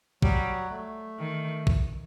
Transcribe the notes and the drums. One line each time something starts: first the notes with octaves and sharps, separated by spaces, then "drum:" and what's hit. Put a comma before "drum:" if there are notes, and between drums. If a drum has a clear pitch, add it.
F#3 G3, drum: kick A#1
A3
D#3
drum: kick A#1